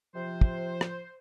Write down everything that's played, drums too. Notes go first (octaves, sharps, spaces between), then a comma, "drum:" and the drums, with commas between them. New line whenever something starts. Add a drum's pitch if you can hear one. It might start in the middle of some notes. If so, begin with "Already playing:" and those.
C3 F3 C5
drum: kick
drum: rim click